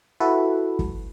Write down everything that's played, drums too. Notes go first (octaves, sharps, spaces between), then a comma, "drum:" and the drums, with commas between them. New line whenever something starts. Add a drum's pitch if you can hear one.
E4 F#4 A4 B4
drum: kick